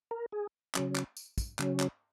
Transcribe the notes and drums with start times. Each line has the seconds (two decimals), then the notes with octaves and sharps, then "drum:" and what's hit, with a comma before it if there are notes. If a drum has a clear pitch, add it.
0.11 A#4
0.32 G#4
0.75 C#3 F#3 C#4, drum: clap
0.96 drum: clap
1.17 drum: tambourine
1.38 drum: kick, tambourine
1.59 C#3 F#3 C#4, drum: clap
1.80 drum: clap